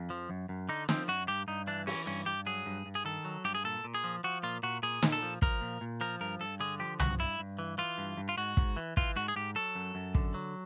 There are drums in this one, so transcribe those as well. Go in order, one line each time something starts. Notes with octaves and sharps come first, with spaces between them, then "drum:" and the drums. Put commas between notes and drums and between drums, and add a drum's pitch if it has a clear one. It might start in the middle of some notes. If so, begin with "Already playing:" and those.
Already playing: F2
F3
F#2
F#2
D3 D#4
F3 C4, drum: snare
F#2 F#4
G2 G4
G2 D#4
E3 D4
E3 C#4, drum: open hi-hat
G2 C#4
G2 G4
F#3 G#4
G2
G2
G#4
D#3 A4
F#3
G2 G4
G#4
A#2 A4
A#2
G#4
F3
F3 F#4
A#2 F4
A#2 F#4
A#2 G#4
A#2, drum: snare
A4
F3
F3 A#4, drum: kick
A#2
A#2
F3 A#4
G2 A#4
G2 A4
D3 G#4
F3 G4
G2 F#4, drum: tom C2
G2 E4
G2
E3
E3 F4
G2
G2
F4
G#2 F#4
G#2, drum: kick
E3
E3 F4, drum: kick
G#2 F#4
G#4
G#2 G4
F#3 A4
F#2
F#2
D3, drum: kick
F#3